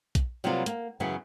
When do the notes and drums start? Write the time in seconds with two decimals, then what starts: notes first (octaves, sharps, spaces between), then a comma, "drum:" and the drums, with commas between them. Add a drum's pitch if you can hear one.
0.15 drum: kick A#1, hi-hat
0.44 C3 F#3 G3 A#3 B3 F4
0.66 A#3, drum: hi-hat
1.00 F#2 C#3 E3 F#3 B3